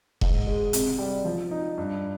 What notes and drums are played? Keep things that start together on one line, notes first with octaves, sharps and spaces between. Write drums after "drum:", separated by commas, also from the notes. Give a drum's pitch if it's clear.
G#2, drum: kick E1
G#3
C3, drum: hi-hat
G3
F3
D#4
G2